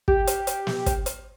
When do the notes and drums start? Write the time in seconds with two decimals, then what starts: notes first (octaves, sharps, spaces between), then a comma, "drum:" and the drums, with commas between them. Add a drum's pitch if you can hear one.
0.08 G4, drum: kick
0.27 drum: hi-hat
0.47 drum: hi-hat
0.67 drum: snare
0.86 drum: kick, hi-hat
1.06 drum: hi-hat